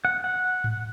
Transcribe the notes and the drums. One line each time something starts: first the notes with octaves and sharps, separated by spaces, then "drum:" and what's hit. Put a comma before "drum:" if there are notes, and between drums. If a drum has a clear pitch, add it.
F#5
F#5
drum: tom G#2